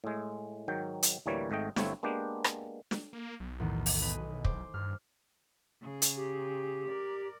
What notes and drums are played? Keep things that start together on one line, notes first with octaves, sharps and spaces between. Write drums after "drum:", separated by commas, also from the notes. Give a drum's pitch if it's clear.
A2 G#3
G#2 D#3 F#3 G5
drum: hi-hat
D2 A2 E3 G3 A#3 C#5
G#1 G#2 A3 D#5 G5
G1 G2 A3 C4 E4 C#5, drum: snare
G#3 A#3 B3 D4 G4
drum: rim click
drum: snare
A#3
B1
E2 A2 D#3
drum: open hi-hat
B4 D#5 G#5
C5 D6, drum: kick
G2 F6
C#3 G#4
drum: hi-hat
G4
A#4 D5